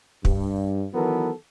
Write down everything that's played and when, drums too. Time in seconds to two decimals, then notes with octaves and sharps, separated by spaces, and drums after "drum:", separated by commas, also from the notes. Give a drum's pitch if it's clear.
0.25 G2, drum: kick
0.94 D#3 E3 F#3 B3 A4 A#4